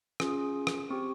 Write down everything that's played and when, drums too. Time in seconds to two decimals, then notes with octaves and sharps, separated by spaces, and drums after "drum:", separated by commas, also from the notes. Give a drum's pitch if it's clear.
0.20 C#4 F4 G#4 D#6, drum: rim click
0.67 drum: rim click
0.90 C4 G4 C#6